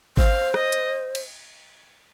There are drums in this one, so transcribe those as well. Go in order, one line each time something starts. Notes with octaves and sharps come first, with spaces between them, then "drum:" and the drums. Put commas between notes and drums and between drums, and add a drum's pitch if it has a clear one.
C5 F5, drum: kick G#1
D#5, drum: rim click
drum: hi-hat
drum: cymbal